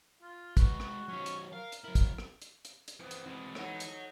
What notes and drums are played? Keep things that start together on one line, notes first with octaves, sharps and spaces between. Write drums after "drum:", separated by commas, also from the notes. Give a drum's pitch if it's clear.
F4
G#3 F#4 B4, drum: kick, hi-hat
drum: rim click
D#3 F#3 C#4
drum: hi-hat
A#4 F5
drum: hi-hat
F#3 E4 A#4
drum: kick, hi-hat
drum: rim click
drum: hi-hat
drum: hi-hat
drum: hi-hat
E3 B3 C4
drum: hi-hat
E3 G#3 C4 E4
D#4 A4 C#5 F#5, drum: rim click
drum: hi-hat